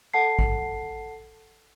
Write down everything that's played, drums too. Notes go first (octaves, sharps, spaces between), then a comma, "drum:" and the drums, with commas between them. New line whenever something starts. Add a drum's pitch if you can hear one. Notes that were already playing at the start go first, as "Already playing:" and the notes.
A4 F#5 A5 C7
drum: kick